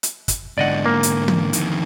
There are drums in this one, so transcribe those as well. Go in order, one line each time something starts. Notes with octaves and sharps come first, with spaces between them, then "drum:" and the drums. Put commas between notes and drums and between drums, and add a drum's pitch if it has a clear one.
drum: hi-hat
drum: kick, hi-hat
G#2 D3 D5 D#5 F#5
A#3
drum: hi-hat
drum: tom
F2 D#3, drum: hi-hat